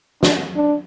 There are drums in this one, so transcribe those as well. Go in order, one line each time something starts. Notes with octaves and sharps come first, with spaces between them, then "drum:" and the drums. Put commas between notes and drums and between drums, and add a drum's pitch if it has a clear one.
D4, drum: snare
D4